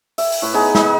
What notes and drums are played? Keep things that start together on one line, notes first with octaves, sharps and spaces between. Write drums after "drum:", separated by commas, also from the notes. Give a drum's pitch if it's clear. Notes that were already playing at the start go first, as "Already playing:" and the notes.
E5, drum: open hi-hat
drum: open hi-hat
A2 B4
B3 D#4 G#4
D#4 D#5, drum: snare